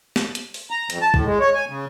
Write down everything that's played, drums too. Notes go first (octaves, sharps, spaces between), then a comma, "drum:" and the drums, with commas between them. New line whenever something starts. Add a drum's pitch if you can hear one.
drum: snare
drum: hi-hat
drum: open hi-hat
A#5
F2, drum: hi-hat
A5
A2, drum: kick
G#3
C#5
G#5
C#3